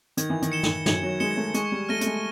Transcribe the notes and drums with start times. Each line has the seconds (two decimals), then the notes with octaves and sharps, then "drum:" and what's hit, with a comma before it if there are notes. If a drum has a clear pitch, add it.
0.17 D#3 G#6, drum: hi-hat
0.30 E3
0.42 D#3, drum: hi-hat
0.52 C#7 E7 G7
0.63 drum: snare
0.86 F#3 G#6, drum: snare
1.03 F#3
1.20 G#3 C#7 E7 G7
1.37 A3
1.54 G#3 C#6, drum: hi-hat
1.72 G3
1.89 A3 F6 A#6 D#7 G7
2.01 A3, drum: hi-hat
2.06 G#3